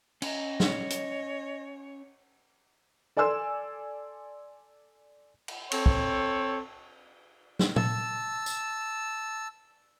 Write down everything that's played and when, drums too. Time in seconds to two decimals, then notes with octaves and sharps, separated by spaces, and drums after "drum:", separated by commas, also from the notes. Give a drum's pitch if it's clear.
0.22 C#4 D#5 A#5, drum: cymbal
0.60 C#5, drum: snare
0.90 drum: hi-hat
3.17 A4 D5 G#5 C6 E6
5.48 drum: cymbal
5.72 C4 A4 C#5, drum: cymbal
5.86 drum: kick
7.59 drum: snare
7.76 A5 E6, drum: tom A#2
8.46 drum: tambourine